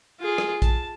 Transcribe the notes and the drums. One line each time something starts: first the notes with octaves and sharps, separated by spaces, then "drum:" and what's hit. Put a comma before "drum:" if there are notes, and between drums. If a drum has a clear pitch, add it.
F4 G#4
drum: rim click
A5, drum: kick, hi-hat